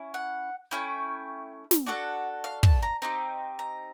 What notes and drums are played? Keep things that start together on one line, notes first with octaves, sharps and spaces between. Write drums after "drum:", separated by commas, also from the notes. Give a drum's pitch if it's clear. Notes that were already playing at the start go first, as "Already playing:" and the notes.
Already playing: C#4 E4
F#5
A3 C#4 E4 G5
drum: snare
D4 F#4 A4 F#5
F5
A5, drum: kick
A#5
C4 D#4 G4 A#5
A#5